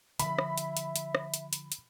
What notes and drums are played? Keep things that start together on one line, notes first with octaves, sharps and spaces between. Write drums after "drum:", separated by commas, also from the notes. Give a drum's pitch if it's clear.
D3 F3 E5 B5, drum: hi-hat
drum: rim click
drum: hi-hat
drum: hi-hat
drum: hi-hat
drum: rim click
drum: hi-hat
drum: hi-hat
drum: hi-hat